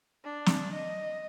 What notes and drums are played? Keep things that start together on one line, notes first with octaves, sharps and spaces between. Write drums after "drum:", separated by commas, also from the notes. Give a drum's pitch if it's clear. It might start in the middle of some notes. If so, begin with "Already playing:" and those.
D4
drum: snare
D#5